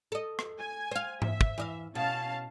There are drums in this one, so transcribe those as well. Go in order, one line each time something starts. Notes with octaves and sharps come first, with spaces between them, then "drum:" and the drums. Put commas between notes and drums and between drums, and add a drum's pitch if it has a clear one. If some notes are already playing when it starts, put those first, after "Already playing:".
A4 D#5
drum: rim click
G#5
C5 F5
E5, drum: tom G#2
drum: kick
E3 D#5 F5
B2 C#4 F5 A5